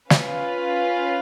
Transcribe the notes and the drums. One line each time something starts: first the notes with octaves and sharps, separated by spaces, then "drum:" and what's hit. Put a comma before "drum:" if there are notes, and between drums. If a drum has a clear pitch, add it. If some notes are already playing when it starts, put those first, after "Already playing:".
C#4 F4 B4 F5, drum: snare